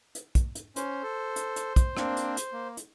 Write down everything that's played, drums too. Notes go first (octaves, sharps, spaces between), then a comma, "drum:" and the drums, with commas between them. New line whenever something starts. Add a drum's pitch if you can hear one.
drum: hi-hat
drum: kick, hi-hat
drum: hi-hat
C#4 C5, drum: hi-hat
A4
drum: hi-hat
drum: hi-hat
drum: kick, hi-hat
A#3 C4 D4, drum: rim click
drum: hi-hat
drum: hi-hat
A#3
drum: hi-hat